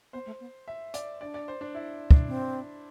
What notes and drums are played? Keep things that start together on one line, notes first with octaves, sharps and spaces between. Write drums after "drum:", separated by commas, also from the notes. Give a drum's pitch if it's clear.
B3 C5
A3
B3
E5
D5, drum: hi-hat
D4 D5
D5
C5
D4
E4
D4, drum: kick
C4